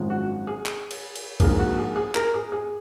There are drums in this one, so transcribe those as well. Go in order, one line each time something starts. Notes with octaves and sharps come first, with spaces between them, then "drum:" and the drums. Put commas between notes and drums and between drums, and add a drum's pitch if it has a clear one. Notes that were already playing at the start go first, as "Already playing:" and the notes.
Already playing: G#1 F#2 F3 G#3
F#4
G#4
drum: clap
drum: cymbal
drum: cymbal
A#1 G#2 F3 A#3 G#4, drum: kick, cymbal
F#4
G#4
G#4
A#4, drum: clap
G#4
G#4